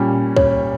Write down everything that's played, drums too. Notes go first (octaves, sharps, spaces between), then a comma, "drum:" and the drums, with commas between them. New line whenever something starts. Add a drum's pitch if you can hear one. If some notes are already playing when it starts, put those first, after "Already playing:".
Already playing: A#2 G3 C#4
C#5, drum: kick